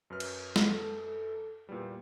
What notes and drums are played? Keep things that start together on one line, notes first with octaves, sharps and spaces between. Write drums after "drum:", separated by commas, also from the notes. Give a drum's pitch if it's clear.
F#2 B4 F6
drum: cymbal
drum: snare
A4
E2 A#2 G3